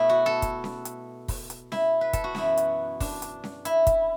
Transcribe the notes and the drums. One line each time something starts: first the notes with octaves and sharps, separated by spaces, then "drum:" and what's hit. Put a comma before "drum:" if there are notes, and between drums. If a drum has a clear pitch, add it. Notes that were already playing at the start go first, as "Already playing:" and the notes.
Already playing: B2 A3 E4
F#4
A4
drum: kick, hi-hat
drum: snare C#4
drum: hi-hat
drum: kick, open hi-hat
drum: hi-hat
E4, drum: snare C#4
B4
A4, drum: kick, hi-hat
F#4
F#2 E3 B3 E4, drum: snare C#4
drum: hi-hat
D4, drum: kick, open hi-hat
drum: hi-hat
drum: snare C#4
E4, drum: hi-hat
drum: kick, hi-hat